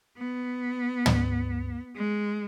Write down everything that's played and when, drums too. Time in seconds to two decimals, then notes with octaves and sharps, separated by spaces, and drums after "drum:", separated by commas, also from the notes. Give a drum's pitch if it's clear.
0.18 B3
1.06 drum: tom
1.97 G#3